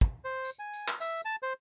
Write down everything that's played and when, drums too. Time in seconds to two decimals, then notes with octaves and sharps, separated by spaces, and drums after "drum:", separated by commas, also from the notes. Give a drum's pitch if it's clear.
0.01 drum: kick
0.24 C5
0.45 drum: tambourine
0.59 G#5
0.74 drum: tambourine
0.88 drum: clap
1.00 E5, drum: tambourine
1.25 A5
1.43 C5